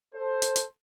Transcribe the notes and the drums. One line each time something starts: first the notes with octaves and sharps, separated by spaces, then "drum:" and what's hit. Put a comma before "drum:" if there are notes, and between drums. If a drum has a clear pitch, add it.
A4 C5
drum: hi-hat
drum: hi-hat